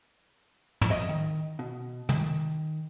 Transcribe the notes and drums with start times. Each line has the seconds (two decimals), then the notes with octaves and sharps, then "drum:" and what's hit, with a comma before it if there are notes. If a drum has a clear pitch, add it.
0.81 drum: tom
0.91 D#5
1.09 D#3
1.59 B2
2.09 D#3, drum: tom